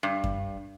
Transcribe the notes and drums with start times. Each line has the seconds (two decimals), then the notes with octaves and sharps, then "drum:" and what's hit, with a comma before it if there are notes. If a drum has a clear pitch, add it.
0.03 G2
0.24 drum: kick F#2